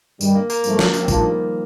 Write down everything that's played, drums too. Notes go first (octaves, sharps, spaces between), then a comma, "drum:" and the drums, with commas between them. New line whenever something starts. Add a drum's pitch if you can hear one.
G2 D#3 G3, drum: tambourine
A#3
A#3, drum: tambourine
G2 F3 A3, drum: tambourine
drum: snare
drum: tambourine
C4
A#1 A2 G3 A#3 D4 F4, drum: kick A#1, tambourine
D#3
F3
G3